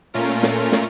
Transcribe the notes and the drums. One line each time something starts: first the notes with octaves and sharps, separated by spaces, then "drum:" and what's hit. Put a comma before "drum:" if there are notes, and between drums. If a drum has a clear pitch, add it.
A#2 A3 C#4 F4 A#4
drum: snare
drum: snare